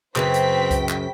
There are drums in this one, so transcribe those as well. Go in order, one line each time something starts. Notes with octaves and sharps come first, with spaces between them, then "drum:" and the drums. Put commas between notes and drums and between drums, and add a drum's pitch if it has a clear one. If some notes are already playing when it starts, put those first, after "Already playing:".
F#2 C#3 C4 B4 C5 G5 B6, drum: clap
drum: hi-hat
drum: kick C2, hi-hat
drum: clap